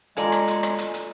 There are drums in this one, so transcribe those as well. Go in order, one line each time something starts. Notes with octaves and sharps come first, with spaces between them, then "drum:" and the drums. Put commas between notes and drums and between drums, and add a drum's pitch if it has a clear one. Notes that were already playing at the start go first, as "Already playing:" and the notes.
G#3 F4 A4 D5 G#5 A#5, drum: hi-hat
drum: rim click
drum: hi-hat
drum: rim click
drum: hi-hat
drum: hi-hat